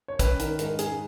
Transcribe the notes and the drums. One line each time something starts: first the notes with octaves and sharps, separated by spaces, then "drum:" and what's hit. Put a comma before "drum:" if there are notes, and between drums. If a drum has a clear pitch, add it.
C#5
C#4 B4, drum: kick, hi-hat
D#3 A#4, drum: hi-hat
G#2 A#4, drum: hi-hat
G#3 G#4, drum: hi-hat